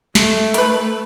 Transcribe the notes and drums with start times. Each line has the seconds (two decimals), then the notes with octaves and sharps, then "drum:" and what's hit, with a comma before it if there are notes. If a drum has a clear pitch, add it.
0.15 A3, drum: snare
0.54 A#4 B4, drum: hi-hat